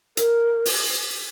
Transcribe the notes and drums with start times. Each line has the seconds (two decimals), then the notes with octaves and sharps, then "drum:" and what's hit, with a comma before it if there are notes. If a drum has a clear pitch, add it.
0.17 A#4, drum: hi-hat
0.65 drum: open hi-hat